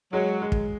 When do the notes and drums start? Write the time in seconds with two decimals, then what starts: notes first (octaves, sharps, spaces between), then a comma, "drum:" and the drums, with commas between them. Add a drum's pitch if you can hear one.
0.13 F#3 G#3
0.42 G#3
0.52 drum: kick